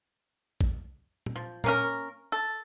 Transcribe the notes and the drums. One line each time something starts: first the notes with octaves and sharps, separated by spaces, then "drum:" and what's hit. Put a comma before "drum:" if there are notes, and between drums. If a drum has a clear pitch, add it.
drum: kick
drum: tom A#2
F3
A#3 C#4 A#4, drum: tom A#2
A4